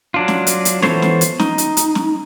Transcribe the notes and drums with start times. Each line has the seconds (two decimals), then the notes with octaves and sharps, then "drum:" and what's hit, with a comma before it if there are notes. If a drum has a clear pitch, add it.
0.14 F#3 D4 F4
0.28 drum: snare
0.47 drum: hi-hat
0.65 drum: hi-hat
0.83 E3 B3 F4 A4 C5 C#5, drum: snare
1.02 drum: snare
1.21 drum: hi-hat
1.40 D#4, drum: snare
1.58 drum: hi-hat
1.77 drum: hi-hat
1.95 drum: snare